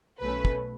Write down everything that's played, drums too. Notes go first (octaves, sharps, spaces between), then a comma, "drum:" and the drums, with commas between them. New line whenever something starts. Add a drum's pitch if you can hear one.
B1 B2 A3 C#4 B4
drum: kick